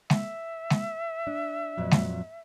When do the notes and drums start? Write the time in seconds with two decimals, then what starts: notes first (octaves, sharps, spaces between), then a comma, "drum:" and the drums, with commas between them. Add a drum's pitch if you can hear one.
0.10 E5, drum: snare
0.70 drum: snare
1.27 D4
1.77 F2 A#2 F#3
1.91 drum: snare